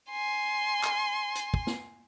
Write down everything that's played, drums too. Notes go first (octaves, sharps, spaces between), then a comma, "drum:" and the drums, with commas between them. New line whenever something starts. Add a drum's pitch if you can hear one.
G#5 C6
drum: clap
drum: hi-hat
drum: kick
drum: snare